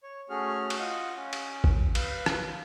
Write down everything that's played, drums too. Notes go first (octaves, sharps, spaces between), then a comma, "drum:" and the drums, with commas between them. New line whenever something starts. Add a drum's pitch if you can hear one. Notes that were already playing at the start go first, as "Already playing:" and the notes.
C#5
A3 C#4 F#4 G#4 F6
drum: cymbal
F4 D#5 F#5
C#4
drum: cymbal
drum: kick A1
B4 F5, drum: cymbal
drum: rim click